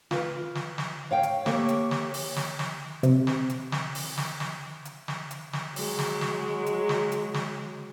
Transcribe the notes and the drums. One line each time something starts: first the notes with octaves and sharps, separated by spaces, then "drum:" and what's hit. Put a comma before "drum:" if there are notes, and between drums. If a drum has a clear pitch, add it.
F4 B4, drum: snare
drum: snare
drum: snare
C#5 F5 G5
drum: hi-hat
A#3 G4 A4 C#5, drum: snare
drum: hi-hat
drum: snare
drum: open hi-hat
drum: snare
drum: snare
C3, drum: hi-hat
drum: snare
drum: hi-hat
drum: snare
drum: open hi-hat
drum: snare
drum: snare
drum: hi-hat
drum: snare
drum: hi-hat
drum: snare
F#3 G#3, drum: open hi-hat
drum: snare
drum: snare
drum: hi-hat
drum: snare
drum: hi-hat
drum: snare